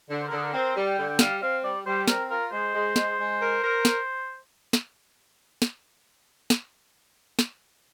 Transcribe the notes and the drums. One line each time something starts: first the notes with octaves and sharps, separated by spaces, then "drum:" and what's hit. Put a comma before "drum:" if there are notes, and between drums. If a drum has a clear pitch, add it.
D3
C5
A#4
D3 G#4
A#4
C4 A#4
G3
G5
D3
G5
G3 F5, drum: snare
C4 F5
G3 D5
G3 C5
C4 A#4, drum: snare
F4 A#4
G#3 C5
G#3
G#3, drum: snare
G#3
A#4
A#4
drum: snare
drum: snare
drum: snare
drum: snare
drum: snare